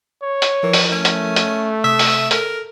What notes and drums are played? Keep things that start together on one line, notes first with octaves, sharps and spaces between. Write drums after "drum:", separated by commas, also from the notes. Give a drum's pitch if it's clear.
C#5
drum: hi-hat
E3 F3 E4 A#4
drum: open hi-hat
A3 C#4
drum: hi-hat
drum: hi-hat
C3 E5 D#6
drum: open hi-hat
A4 A#4, drum: hi-hat